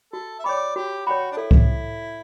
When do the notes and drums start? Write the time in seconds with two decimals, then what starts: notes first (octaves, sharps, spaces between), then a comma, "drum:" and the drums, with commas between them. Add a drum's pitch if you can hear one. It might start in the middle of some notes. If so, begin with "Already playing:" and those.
0.13 F#4 A4
0.39 E5
0.44 C#5 D5 G5 B5
0.76 F#4 G4
1.06 F#4 C#5 G5 B5
1.32 D4
1.37 E4 A4
1.51 drum: kick C2